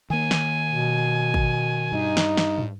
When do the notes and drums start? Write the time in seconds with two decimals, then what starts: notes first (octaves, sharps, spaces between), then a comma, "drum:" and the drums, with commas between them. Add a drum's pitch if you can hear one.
0.10 D#3 A#3 G#5
0.31 drum: snare
0.72 B2
1.34 drum: kick
1.92 G2 D#4
2.17 drum: snare
2.37 drum: snare
2.58 drum: tom